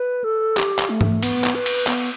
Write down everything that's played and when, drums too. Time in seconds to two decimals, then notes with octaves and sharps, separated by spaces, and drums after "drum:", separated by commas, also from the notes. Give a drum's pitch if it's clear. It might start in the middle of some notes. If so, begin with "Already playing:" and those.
Already playing: B4
0.24 A4
0.57 G4, drum: clap
0.79 drum: clap
0.90 A3
1.01 drum: tom G#2
1.23 B3, drum: cymbal
1.44 drum: clap
1.55 B4
1.66 drum: cymbal
1.87 B3, drum: clap